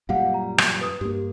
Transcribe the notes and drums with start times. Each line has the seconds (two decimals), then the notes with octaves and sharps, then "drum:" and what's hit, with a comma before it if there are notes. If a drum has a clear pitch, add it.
0.09 F#2 A#2 G3 F5 F#5
0.34 A#5
0.58 drum: rim click
0.81 B4 D#6
1.01 G2 A#3 G4